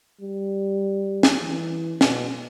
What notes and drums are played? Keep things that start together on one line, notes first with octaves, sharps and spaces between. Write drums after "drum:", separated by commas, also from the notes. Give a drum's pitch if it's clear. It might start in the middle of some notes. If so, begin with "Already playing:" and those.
G3
drum: snare
E3
B2, drum: snare